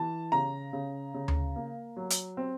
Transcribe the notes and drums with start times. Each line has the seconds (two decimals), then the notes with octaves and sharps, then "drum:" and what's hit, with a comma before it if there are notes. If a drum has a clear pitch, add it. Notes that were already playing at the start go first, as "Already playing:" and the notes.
Already playing: E3 A5
0.32 C#3 A#5
0.73 C#3
1.14 C#3
1.28 drum: tom D2
1.56 A#3
1.97 F#3
2.10 drum: hi-hat
2.37 C4